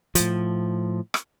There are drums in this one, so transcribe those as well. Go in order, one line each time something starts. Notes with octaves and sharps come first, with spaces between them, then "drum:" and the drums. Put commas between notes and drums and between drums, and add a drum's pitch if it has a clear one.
A2 F3, drum: hi-hat
drum: rim click